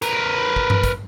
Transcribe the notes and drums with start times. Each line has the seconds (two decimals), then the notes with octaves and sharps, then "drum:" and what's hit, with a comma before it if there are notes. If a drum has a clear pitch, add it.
0.02 A#4 B4, drum: hi-hat
0.56 drum: kick
0.70 drum: tom G2
0.84 drum: kick, hi-hat